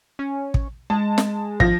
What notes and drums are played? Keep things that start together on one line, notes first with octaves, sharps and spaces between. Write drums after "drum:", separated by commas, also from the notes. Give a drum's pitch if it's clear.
C#4
drum: kick
G#3 A5
drum: snare
G#1 F3 A#6, drum: kick